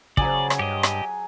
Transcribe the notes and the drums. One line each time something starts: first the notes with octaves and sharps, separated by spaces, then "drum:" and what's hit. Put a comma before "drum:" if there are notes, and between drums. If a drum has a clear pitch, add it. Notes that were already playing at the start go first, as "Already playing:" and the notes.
C#3 F#3 G#4 D5, drum: kick
drum: rim click
G2 G4 D#5
drum: rim click